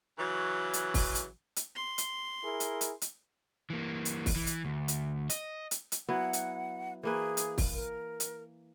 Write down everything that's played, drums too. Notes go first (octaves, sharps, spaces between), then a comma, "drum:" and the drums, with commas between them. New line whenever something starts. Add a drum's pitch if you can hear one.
C#3 E3 F#3
drum: hi-hat
drum: kick, open hi-hat
drum: hi-hat
drum: hi-hat
C6
drum: hi-hat
E4 G#4 A#4
drum: hi-hat
drum: hi-hat
drum: hi-hat
E3 A#3
drum: hi-hat
drum: kick, open hi-hat
E3
drum: hi-hat
D2
drum: hi-hat
D#5, drum: hi-hat
drum: hi-hat
drum: hi-hat
F#3 B3 E4 F#5
drum: hi-hat
E3 A#3 G#4 B4
drum: hi-hat
drum: kick, open hi-hat
A#4
drum: hi-hat